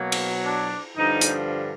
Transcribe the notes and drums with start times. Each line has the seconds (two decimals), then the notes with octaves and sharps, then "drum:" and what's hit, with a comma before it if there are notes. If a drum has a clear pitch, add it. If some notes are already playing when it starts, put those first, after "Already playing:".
Already playing: B2 F#3 A#3
0.12 drum: cymbal
0.44 D4
0.97 G2 D3 F3 D#4
1.21 drum: hi-hat